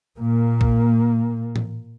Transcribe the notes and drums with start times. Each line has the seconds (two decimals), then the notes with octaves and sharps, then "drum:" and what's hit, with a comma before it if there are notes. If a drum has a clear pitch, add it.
0.20 A#2 A#3
0.61 drum: kick
1.56 drum: tom A2